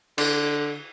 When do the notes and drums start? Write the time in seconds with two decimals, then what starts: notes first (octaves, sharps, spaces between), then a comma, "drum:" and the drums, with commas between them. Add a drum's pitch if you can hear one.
0.18 D3, drum: cymbal